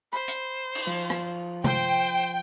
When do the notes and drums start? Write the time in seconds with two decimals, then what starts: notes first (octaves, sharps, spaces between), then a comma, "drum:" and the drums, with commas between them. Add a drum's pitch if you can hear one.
0.13 C5 B5
0.28 drum: hi-hat
0.75 drum: cymbal
0.86 F3
1.10 drum: rim click
1.64 C5 G5, drum: tom C3